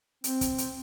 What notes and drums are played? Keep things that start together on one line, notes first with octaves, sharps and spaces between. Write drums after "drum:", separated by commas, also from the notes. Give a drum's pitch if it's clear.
C4, drum: hi-hat
drum: kick, hi-hat
drum: hi-hat